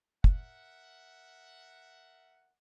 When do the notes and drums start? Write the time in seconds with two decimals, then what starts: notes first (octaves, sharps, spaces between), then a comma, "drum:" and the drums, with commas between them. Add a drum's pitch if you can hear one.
0.24 A#4 E5 F#5, drum: kick